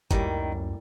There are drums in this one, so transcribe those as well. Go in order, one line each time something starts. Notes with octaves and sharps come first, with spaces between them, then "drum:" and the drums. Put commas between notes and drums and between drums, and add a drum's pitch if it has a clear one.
C#2 F#2 A2 D#3 G3 A#3, drum: kick G1, hi-hat